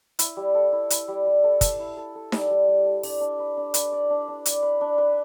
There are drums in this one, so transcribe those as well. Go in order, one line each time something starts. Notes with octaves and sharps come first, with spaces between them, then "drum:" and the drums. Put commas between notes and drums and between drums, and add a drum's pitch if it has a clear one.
E4, drum: hi-hat
G3
A4
E4
E4, drum: hi-hat
G3
G3
A4
A4, drum: kick, hi-hat
E4
A4
A4
G3, drum: snare D#4
G3
G3
A4
D4, drum: open hi-hat
D4
B4
D4
B4, drum: hi-hat
D5
D4
D4
D5, drum: hi-hat
B4
D4
B4